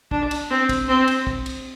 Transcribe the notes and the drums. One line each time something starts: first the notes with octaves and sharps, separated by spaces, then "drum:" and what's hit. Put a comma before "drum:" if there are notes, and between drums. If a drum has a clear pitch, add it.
D4, drum: kick
drum: cymbal
C4
drum: kick, cymbal
C4
drum: cymbal
drum: kick
drum: cymbal